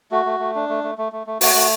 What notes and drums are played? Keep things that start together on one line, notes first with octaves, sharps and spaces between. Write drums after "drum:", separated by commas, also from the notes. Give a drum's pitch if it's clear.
A3 F#4
A3
A3
D4
A3
A3
A3
A3
A3
A3 F#4, drum: open hi-hat
A3